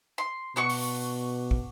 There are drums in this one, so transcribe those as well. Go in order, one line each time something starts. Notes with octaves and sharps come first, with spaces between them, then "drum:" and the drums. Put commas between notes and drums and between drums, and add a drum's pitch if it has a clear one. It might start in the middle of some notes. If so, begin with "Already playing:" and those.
C6
B2 D4 F#4 C#6
drum: open hi-hat
drum: kick